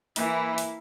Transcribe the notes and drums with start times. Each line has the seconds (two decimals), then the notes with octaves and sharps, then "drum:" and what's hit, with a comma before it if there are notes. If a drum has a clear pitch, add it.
0.16 E3 A#3 E4, drum: open hi-hat
0.58 drum: open hi-hat